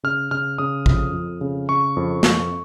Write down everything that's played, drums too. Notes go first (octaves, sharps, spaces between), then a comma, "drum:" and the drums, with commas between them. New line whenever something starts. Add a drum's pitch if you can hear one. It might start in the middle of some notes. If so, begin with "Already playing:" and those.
C#3 F6
C#3 F6
C#3 D#6
F2, drum: kick A1
F2
C#3
C#3 C#6
F2
F2, drum: snare